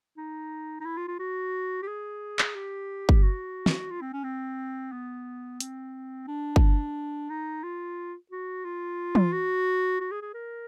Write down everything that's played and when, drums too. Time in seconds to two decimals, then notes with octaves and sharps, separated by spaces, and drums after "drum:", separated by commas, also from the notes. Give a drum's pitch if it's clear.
0.17 D#4
0.80 D#4
0.86 E4
0.97 F4
1.08 F4
1.19 F#4
1.83 G4
1.88 G#4
2.39 drum: clap
2.55 G4
3.09 drum: kick
3.23 F#4
3.66 drum: snare
3.91 F4
4.01 C4
4.13 C#4
4.24 C4
4.92 B3
5.60 C4, drum: hi-hat
6.28 D4
6.56 drum: kick
7.30 D#4
7.64 F4
8.32 F#4
8.65 F4
9.15 drum: tom
9.32 F#4
10.00 F#4
10.12 G#4
10.22 G#4
10.34 A#4